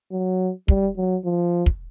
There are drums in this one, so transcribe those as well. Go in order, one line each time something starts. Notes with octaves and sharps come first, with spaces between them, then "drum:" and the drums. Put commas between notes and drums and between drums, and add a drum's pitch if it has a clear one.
F#3
G3, drum: kick
F#3
F3
drum: kick